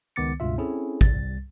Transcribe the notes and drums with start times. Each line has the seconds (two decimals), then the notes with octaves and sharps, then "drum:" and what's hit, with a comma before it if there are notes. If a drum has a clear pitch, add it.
0.16 C#2 D#3 B3 D6 A6 C#7
0.40 C#2 G2 B2 F4 E5
0.58 C4 C#4 E4 G#4 A4
1.01 C2 G3 A6, drum: kick